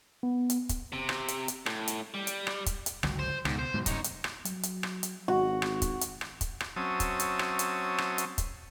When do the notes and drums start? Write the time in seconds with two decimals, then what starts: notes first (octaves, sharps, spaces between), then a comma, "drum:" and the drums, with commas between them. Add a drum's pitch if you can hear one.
0.23 B3
0.50 drum: hi-hat
0.69 drum: kick, hi-hat
0.93 C3
1.09 drum: rim click
1.28 drum: hi-hat
1.48 drum: hi-hat
1.66 A2, drum: rim click
1.88 drum: hi-hat
2.14 G3
2.27 drum: hi-hat
2.47 drum: rim click
2.66 drum: kick, hi-hat
2.86 drum: hi-hat
3.03 G1 C#2 F#3, drum: rim click
3.19 C5
3.45 C#2 G#2 B2, drum: rim click
3.59 C5
3.74 G#2 B2 F#3
3.86 F#2 C3 D#4 C#5, drum: kick, hi-hat
4.04 drum: hi-hat
4.24 drum: rim click
4.45 F#3, drum: hi-hat
4.63 drum: hi-hat
4.83 drum: rim click
5.03 drum: hi-hat
5.28 G#1 F#4
5.62 drum: rim click
5.82 drum: kick, hi-hat
6.01 drum: hi-hat
6.21 drum: rim click
6.41 drum: kick, hi-hat
6.60 drum: rim click
6.76 F#3 C4 C#4 E5 A5 D#6
7.00 drum: kick, hi-hat
7.20 drum: hi-hat
7.39 drum: rim click
7.59 drum: hi-hat
7.98 drum: rim click
8.18 drum: hi-hat
8.38 drum: kick, hi-hat